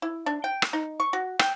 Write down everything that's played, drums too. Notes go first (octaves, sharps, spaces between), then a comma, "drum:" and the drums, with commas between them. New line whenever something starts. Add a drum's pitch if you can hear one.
E4
D4
G5
drum: rim click
D#4
C#6
F#4
G5, drum: rim click